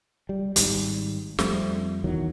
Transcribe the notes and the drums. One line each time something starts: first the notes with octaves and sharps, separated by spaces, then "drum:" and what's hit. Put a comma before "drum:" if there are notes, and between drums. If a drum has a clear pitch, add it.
G3
G#1 F2 G#2 G3, drum: hi-hat
F2 G3 A3 C4, drum: snare
E2 D#3 E3 F#3